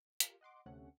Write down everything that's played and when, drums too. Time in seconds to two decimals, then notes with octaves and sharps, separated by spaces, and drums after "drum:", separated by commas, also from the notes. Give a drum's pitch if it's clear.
0.20 F4 G4 A#4, drum: hi-hat
0.41 D#5 F#5 C6 D6
0.66 D2 C3 A3 C#4 F#5